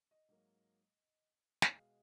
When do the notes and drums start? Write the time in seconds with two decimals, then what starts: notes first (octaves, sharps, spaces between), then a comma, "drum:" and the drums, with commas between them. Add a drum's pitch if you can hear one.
0.11 D#5
0.28 G#2 F#3 A#3
1.62 drum: snare
1.71 B2 G#3 F5